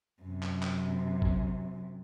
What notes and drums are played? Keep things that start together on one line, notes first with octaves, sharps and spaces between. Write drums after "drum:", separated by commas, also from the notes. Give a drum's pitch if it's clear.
F#2 C3
drum: clap
drum: clap
drum: kick